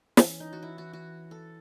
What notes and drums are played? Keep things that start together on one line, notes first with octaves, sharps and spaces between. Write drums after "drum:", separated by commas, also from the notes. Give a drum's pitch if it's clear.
E3 C#4, drum: snare
D#4
F#4
E4
F#4
F#4
A4